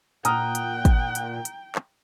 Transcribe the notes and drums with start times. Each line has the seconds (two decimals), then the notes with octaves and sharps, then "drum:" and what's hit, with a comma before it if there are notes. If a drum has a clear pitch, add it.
0.25 A#2 F#5 G5 A#5 D#6 F6, drum: hi-hat
0.55 drum: hi-hat
0.85 drum: kick, hi-hat
1.15 drum: hi-hat
1.45 drum: hi-hat
1.75 drum: clap